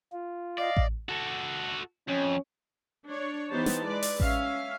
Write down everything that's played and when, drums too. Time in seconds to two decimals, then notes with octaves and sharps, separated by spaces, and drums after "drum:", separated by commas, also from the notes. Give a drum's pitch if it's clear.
0.12 F4
0.58 D5 D#5 F5
0.77 drum: kick A1
1.09 F#4 A4
2.08 F2 C#4
3.06 D4 C#5
3.52 E3 B3 D#4 G4 C5 A5
3.66 drum: snare
3.85 G#3 B4 D5
4.03 drum: open hi-hat
4.20 C#4 E5 F5, drum: kick A1